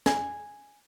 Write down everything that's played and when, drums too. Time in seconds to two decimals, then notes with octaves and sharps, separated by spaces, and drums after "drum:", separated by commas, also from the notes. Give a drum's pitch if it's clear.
0.06 G#5, drum: snare